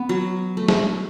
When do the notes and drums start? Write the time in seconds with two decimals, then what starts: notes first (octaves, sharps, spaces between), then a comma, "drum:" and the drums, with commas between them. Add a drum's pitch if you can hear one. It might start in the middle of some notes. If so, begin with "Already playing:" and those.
Already playing: B3
0.09 F#3
0.57 A3
0.68 drum: snare